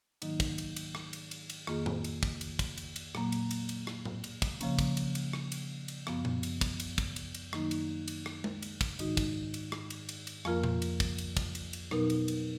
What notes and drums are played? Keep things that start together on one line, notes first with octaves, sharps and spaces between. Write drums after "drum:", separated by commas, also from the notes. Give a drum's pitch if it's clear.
G#2 D#3 F#3 A#3 D#4, drum: cymbal
drum: kick, cymbal
drum: cymbal
drum: cymbal
drum: rim click
drum: cymbal
drum: cymbal
drum: cymbal
F2 D#3 A#3 F4 G#4, drum: rim click
drum: tom
drum: cymbal
drum: kick, cymbal
drum: cymbal
drum: kick, cymbal
drum: cymbal
drum: cymbal
A#2 F#3 A#3, drum: rim click
drum: cymbal
drum: cymbal
drum: cymbal
drum: rim click
drum: tom
drum: cymbal
drum: kick, cymbal
C#3 F3 A#3 C#4, drum: cymbal
drum: kick, cymbal
drum: cymbal
drum: cymbal
drum: rim click
drum: cymbal
drum: cymbal
F#2 F3 B3, drum: rim click
drum: tom A#2
drum: cymbal
drum: kick, cymbal
drum: cymbal
drum: kick, cymbal
drum: cymbal
drum: cymbal
F#2 D#3 F#3 A#3 D#4, drum: rim click
drum: cymbal
drum: cymbal
drum: rim click
drum: tom G#3
drum: cymbal
drum: kick, cymbal
G#2 D#3 G#3 D#4 F#4, drum: cymbal
drum: kick, cymbal
drum: cymbal
drum: rim click
drum: cymbal
drum: cymbal
drum: cymbal
F2 F3 A#3 F4 A#4, drum: rim click
drum: tom A#2
drum: cymbal
drum: kick, cymbal
drum: cymbal
drum: kick, cymbal
drum: cymbal
drum: cymbal
B2 F#3 B3 D#4 A#4, drum: rim click
drum: cymbal
drum: cymbal